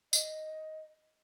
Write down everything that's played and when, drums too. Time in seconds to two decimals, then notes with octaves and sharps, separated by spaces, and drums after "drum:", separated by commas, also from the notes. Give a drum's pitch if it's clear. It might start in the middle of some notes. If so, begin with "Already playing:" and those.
0.13 D#5, drum: tambourine